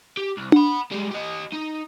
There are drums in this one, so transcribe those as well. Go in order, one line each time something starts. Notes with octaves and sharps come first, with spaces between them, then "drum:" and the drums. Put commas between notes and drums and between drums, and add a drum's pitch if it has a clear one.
G4
C2
F#5 B5, drum: tom D4
G3 G#3
G4 D#5
D#4